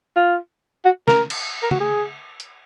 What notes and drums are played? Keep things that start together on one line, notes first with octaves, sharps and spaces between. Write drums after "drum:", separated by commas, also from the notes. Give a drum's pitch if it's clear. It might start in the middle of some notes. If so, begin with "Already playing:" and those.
F4
F#4
A#4, drum: snare
drum: cymbal
A#4
F#4, drum: tom
G#4
drum: hi-hat